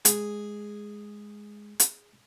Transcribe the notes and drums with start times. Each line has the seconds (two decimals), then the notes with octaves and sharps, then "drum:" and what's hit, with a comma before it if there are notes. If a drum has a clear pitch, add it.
0.05 G#3 G#4, drum: hi-hat
1.80 drum: hi-hat